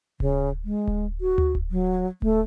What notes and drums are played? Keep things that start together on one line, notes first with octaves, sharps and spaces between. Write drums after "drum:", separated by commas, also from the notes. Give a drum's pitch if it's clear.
C#3, drum: kick D1
G#3
drum: kick D1
F#4
drum: tom D2
drum: kick D1
F#3
A3, drum: kick D1